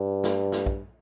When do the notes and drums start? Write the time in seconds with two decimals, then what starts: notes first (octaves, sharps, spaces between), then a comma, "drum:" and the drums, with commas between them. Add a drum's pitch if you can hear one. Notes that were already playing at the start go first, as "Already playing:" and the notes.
Already playing: G2
0.24 drum: snare
0.52 drum: snare
0.66 drum: kick